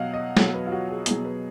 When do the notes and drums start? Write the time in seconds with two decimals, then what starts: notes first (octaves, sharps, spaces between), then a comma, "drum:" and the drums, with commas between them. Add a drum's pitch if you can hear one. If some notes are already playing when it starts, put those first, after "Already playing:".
Already playing: B2 F#3 D#5 F5 F#5
0.13 D#5
0.37 B2 F#3 C#5, drum: snare
0.54 B4
0.67 F4
0.72 F#4
0.89 G#4
1.06 B2 F#3 G#4, drum: hi-hat
1.25 B4